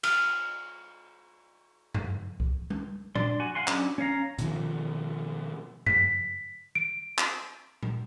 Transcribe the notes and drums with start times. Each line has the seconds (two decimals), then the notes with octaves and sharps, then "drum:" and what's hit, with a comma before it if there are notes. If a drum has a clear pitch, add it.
0.03 F6, drum: cymbal
1.94 drum: tom F#2
2.40 drum: kick C2
2.70 drum: tom G3
3.15 D4 D5 C6, drum: tom A#2
3.40 F#4 G#5
3.55 F5 F#5 G#5 C6
3.67 F#3 C#4 D4, drum: clap
3.98 C#4 C#5 F5 A#5
4.39 B2 D#3 F3, drum: hi-hat
5.86 B6, drum: tom F#2
6.75 D7
7.18 drum: clap
7.83 drum: tom A#2